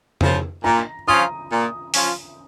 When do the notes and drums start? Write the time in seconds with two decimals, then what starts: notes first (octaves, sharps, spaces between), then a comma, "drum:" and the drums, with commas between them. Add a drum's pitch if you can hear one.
0.21 C#3 F3, drum: tom F2
0.64 A#2 A#5
1.07 F3 C#4 F4 D#6
1.51 A#2
1.94 F3 C#4 F4, drum: open hi-hat